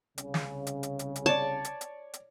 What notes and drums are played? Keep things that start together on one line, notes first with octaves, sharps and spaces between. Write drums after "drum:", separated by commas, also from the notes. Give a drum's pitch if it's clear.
C2 C#3, drum: hi-hat
drum: snare
drum: hi-hat
drum: hi-hat
drum: hi-hat
drum: hi-hat
C#5 D5 A5
drum: hi-hat
drum: hi-hat
drum: hi-hat